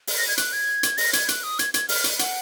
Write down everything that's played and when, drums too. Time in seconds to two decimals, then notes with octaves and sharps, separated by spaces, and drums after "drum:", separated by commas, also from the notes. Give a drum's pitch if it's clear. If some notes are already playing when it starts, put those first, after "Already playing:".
0.07 drum: open hi-hat
0.18 A#6
0.28 G#6
0.37 F#6, drum: hi-hat
0.53 G#6
0.83 drum: hi-hat
0.98 A#6, drum: open hi-hat
1.13 G#6, drum: hi-hat
1.28 F#6, drum: hi-hat
1.44 D#6
1.59 G#6, drum: hi-hat
1.74 G#6, drum: hi-hat
1.89 F6, drum: open hi-hat
2.04 drum: hi-hat
2.19 F#5, drum: hi-hat